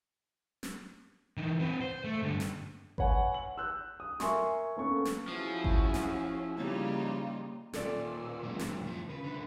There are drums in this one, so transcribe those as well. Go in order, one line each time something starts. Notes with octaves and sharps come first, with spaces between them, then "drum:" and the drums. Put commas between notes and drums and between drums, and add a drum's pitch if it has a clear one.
drum: snare
E3 D#4
C4 B4
C5
A3
G2 D3
drum: snare
B4 C#5 F#5 G#5, drum: kick G#1
F#7
E6 F#6 G6
D#6
A#4 E5 G#5 C6 C#6, drum: snare
A#3 B3 C#4 A4 C#6
drum: snare
F3 C#4 E4 F#4 G#4
drum: kick G#1
drum: snare
C#3 G3 A#3 D#4 F4
D#2 A#2 A4 D5, drum: snare
F#2 G#3
drum: snare
D#2 F3
C#3 B4
C2 D3